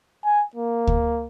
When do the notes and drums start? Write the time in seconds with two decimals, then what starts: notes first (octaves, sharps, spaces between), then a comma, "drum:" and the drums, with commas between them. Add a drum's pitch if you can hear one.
0.24 G#5
0.55 A#3
0.87 drum: kick D2